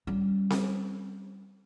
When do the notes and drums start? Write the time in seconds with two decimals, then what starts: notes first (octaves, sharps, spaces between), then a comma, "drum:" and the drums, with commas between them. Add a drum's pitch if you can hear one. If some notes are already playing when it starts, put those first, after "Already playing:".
0.07 G3 C#4
0.50 drum: snare C4